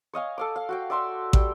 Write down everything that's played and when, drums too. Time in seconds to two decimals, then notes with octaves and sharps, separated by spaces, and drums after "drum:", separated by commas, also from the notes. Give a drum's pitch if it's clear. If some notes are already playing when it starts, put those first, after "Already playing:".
0.13 C#5 D#5 F5 G#5
0.38 A4 F5 D6
0.56 F5
0.69 F#4 F5 G5
0.90 D5 E5 C6 E6
1.33 G3 G5, drum: kick